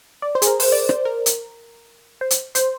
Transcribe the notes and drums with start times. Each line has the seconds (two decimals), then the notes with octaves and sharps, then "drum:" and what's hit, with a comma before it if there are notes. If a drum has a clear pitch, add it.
0.22 D5
0.35 C5
0.42 G#4, drum: hi-hat
0.47 A#4
0.60 C5, drum: open hi-hat
0.72 D5
0.89 C5, drum: rim click
1.05 A#4
1.26 drum: hi-hat
2.21 C5
2.31 drum: hi-hat
2.55 C5, drum: hi-hat